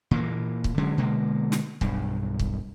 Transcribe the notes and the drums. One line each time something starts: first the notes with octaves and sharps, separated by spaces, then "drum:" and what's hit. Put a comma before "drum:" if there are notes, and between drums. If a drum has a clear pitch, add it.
A#2 E3 A#3
drum: kick
D3 F#3 G#3 C#4
B2 D3 G#3 A#3
drum: snare
B1 G2, drum: kick
drum: kick